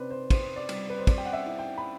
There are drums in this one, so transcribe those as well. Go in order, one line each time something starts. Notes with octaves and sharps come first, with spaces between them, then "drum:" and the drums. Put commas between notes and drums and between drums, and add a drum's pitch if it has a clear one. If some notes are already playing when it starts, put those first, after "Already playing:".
Already playing: C3 C4 B4 C5 D5
C5
C4 C5, drum: kick, cymbal
D5
G3, drum: cymbal
B4
C5
C4 D5, drum: kick, cymbal
G5
F#5
E5
E4
G5
B5